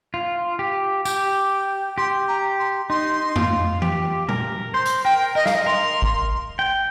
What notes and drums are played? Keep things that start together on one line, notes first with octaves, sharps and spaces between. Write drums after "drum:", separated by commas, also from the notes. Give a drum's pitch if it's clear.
F4
G4
G4, drum: tambourine
G4 C6
A#5
C6
D#4 C6
F4, drum: tom F2
G4, drum: tom E3
A#4, drum: tom A#2
C5 C6
drum: hi-hat
A#4 G5
A#4 D#5
F5, drum: snare
D#5
A#4 C6
drum: kick G#1
G5